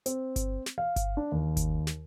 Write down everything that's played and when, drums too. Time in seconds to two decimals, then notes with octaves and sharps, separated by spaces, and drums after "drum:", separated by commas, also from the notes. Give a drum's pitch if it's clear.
0.06 C4, drum: hi-hat
0.36 drum: kick G1, hi-hat
0.66 drum: snare
0.78 F5
0.96 drum: kick G1, hi-hat
1.17 D4
1.32 D#2
1.57 drum: kick G1, hi-hat
1.87 drum: snare